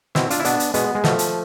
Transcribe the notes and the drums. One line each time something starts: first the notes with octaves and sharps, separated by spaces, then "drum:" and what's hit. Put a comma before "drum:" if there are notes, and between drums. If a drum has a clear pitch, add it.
B2 C4 E4, drum: snare
D4 F4, drum: hi-hat
E4
B2 B3 D4, drum: hi-hat
drum: hi-hat
B2 G#3 B3, drum: hi-hat
G#3
B2 F3 A3, drum: snare
drum: hi-hat